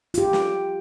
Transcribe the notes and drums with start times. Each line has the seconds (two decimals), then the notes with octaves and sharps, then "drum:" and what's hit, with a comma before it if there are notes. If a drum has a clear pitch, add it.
0.14 F4 G4, drum: hi-hat
0.33 drum: snare